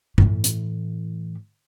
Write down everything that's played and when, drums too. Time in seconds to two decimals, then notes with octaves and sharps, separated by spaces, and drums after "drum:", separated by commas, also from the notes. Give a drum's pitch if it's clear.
0.18 A2 E3, drum: tom G2
0.44 drum: hi-hat